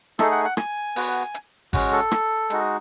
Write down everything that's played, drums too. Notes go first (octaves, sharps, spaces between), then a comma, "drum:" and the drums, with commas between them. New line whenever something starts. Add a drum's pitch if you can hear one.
A3 D#4 G#4 A4, drum: rim click
F#5
F#5
G#5, drum: rim click
B3 F#4, drum: open hi-hat
drum: hi-hat
G#3 C#4 F#4, drum: kick G#1, open hi-hat
A4
drum: rim click
G#3 D#4 F#4, drum: hi-hat